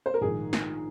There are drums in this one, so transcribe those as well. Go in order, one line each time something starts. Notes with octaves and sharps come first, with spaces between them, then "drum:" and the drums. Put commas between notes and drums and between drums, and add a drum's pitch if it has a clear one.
C5
A#4
A#1 G#2 D#3 G#4
drum: snare